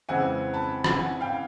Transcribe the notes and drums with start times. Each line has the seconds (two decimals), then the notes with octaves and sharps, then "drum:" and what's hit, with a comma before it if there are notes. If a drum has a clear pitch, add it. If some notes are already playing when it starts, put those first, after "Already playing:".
0.09 F2 C#3 E3 G#3 C4 F#5 G#5
0.53 A5 B5
0.84 drum: rim click
0.99 F#5 G#5
1.21 F5 G5